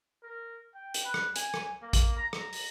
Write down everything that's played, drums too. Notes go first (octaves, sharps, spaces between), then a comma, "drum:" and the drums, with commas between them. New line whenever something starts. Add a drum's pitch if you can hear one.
A#4
G5
drum: hi-hat
B4
drum: rim click
G#5, drum: hi-hat
drum: rim click
A#3
drum: kick A1, hi-hat
A#5
drum: rim click
drum: open hi-hat